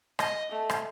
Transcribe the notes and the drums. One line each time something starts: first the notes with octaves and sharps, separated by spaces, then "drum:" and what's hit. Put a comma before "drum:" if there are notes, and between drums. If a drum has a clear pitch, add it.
D#5, drum: rim click
A3
drum: rim click